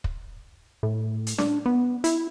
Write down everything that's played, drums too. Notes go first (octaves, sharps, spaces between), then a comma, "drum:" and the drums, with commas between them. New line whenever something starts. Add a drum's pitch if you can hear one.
drum: kick
A2
drum: hi-hat
D4, drum: snare
B3
E4, drum: hi-hat